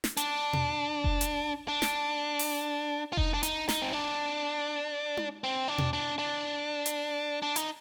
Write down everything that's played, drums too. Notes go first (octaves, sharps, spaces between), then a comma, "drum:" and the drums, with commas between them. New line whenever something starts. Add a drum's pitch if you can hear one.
drum: snare
D4, drum: hi-hat
drum: tom B2
drum: kick F1
drum: hi-hat
D4
drum: snare
drum: open hi-hat
F4
D#4, drum: kick F1
D4
D#4, drum: hi-hat
D#4, drum: snare
C4
D4
drum: tom D#4
C4
D4
drum: tom B2
D4
D4
drum: hi-hat
D4
D#4, drum: hi-hat